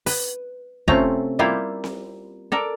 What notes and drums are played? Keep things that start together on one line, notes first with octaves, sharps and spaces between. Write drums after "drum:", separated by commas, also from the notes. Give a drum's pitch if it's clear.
B4, drum: open hi-hat
C3 A3 C4 C#4 F4 A#5, drum: kick
G3 A#3 E4 F4 G4
drum: snare C4
A4 A#4 D5